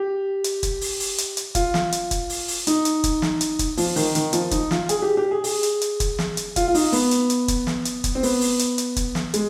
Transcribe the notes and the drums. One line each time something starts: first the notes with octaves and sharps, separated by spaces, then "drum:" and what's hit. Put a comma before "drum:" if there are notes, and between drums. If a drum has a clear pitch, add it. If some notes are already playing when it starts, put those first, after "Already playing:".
Already playing: G4
drum: hi-hat
drum: kick, hi-hat
drum: open hi-hat
drum: open hi-hat
drum: hi-hat
drum: hi-hat
F4, drum: kick, hi-hat
drum: snare
drum: hi-hat
drum: kick, hi-hat
drum: open hi-hat
drum: open hi-hat
D#4, drum: hi-hat
drum: hi-hat
drum: kick, hi-hat
drum: snare
drum: hi-hat
drum: kick, hi-hat
F3, drum: open hi-hat
D#3, drum: open hi-hat
D#3, drum: hi-hat
F3, drum: hi-hat
D#4, drum: kick, hi-hat
F4, drum: snare
G#4, drum: hi-hat
G4
G4
G#4
G#4, drum: open hi-hat
drum: hi-hat
drum: hi-hat
drum: kick, hi-hat
drum: snare
drum: hi-hat
F4, drum: kick, hi-hat
F4
D#4, drum: open hi-hat
B3, drum: open hi-hat
drum: hi-hat
drum: hi-hat
drum: kick, hi-hat
drum: snare
drum: hi-hat
drum: kick, hi-hat
C4
B3, drum: open hi-hat
drum: open hi-hat
drum: hi-hat
drum: hi-hat
drum: kick, hi-hat
drum: snare
G#3, drum: hi-hat